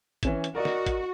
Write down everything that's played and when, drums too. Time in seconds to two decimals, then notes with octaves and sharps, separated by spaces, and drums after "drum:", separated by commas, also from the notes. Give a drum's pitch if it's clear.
0.23 E3 C#4 E7, drum: kick G#1, hi-hat
0.44 drum: hi-hat
0.55 F#4 A#4 D5 D#5
0.65 drum: snare
0.86 drum: kick G#1, hi-hat